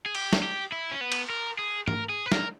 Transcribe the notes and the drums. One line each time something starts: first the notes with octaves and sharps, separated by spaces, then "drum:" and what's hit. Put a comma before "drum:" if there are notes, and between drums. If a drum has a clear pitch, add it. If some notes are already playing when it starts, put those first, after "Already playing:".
G#4
G4, drum: cymbal
drum: snare
G4
E4
C#4
B3
drum: cymbal
A#4
G#4
A#4, drum: tom
G#4
B4
A#4, drum: snare